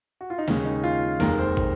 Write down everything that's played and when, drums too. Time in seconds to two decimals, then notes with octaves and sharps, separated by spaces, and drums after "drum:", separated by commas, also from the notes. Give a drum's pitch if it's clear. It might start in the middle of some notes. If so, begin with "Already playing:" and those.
0.21 F#4
0.30 F4
0.38 D#4
0.48 D#2 C#3 G#3 C#4, drum: snare
0.65 D#4
0.84 F4
1.20 F1 D#2 D#3 G#3 A#4, drum: snare
1.39 C5
1.57 drum: kick